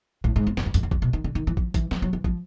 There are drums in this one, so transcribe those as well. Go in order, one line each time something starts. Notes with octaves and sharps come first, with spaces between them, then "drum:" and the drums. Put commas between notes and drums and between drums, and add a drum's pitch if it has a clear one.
A2, drum: kick
G#2
E2
F2, drum: snare
F#2
F2, drum: hi-hat
E2
F2, drum: kick
B2
D#3
D3
D#3
E3
F3, drum: kick
E3, drum: kick, hi-hat
F3, drum: snare
F#3
E3
F3, drum: kick